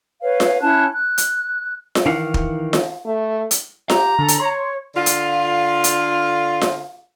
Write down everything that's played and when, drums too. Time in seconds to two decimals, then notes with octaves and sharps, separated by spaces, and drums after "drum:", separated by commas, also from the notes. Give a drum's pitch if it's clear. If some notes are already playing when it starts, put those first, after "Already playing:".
0.22 B4 C#5 F5
0.40 drum: snare F4
0.62 C#4 E4 A5 F#6
0.92 F#6
1.18 drum: hi-hat
1.95 drum: snare F4
2.06 D#3 E3 F5 F#5
2.34 drum: kick
2.73 drum: snare F4
3.05 A3
3.51 drum: hi-hat
3.90 G4 A#5, drum: snare F4
4.19 D3 A4
4.28 drum: hi-hat
4.40 C#5 C6
4.95 D3 F4
5.06 drum: hi-hat
5.84 drum: hi-hat
6.61 drum: snare F4